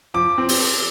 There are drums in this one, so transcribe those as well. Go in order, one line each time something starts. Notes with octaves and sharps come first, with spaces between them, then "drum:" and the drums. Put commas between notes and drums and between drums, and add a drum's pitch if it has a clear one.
F3 D6
C4
drum: open hi-hat